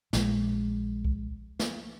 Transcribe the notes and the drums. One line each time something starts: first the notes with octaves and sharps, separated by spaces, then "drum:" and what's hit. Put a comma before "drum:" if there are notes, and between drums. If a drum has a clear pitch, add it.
A#1 G#3, drum: snare
drum: kick C2
drum: snare